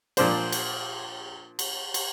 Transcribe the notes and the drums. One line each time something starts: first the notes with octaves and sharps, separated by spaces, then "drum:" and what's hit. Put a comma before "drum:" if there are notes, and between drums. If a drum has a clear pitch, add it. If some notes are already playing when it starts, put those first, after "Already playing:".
A#2 F3 D4 C5, drum: cymbal
drum: cymbal
drum: cymbal
drum: cymbal